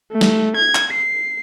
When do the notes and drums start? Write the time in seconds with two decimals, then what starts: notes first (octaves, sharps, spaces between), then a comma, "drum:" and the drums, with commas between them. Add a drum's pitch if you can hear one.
0.11 A3
0.21 drum: snare
0.56 G#6
0.75 drum: clap
0.93 C7